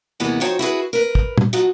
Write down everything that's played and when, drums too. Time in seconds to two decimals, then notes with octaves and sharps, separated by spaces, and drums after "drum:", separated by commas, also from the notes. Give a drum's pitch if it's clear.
0.20 D#2 C3 E3 G#3 B3 A4
0.41 F3 D#4 F#4 C5 C#5 G5
0.59 E4 F#4 G#4 B4
0.93 A#4 B4
1.15 drum: kick
1.38 drum: tom
1.53 F3 F#3 D#4 F#4